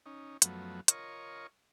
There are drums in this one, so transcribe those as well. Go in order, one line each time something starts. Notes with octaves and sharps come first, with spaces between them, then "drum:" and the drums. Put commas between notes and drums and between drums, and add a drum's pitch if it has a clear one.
C#4 D#4
F#2 F3 F#3 A3 B3, drum: hi-hat
F4 A#4 C#5 D#5 C#6, drum: hi-hat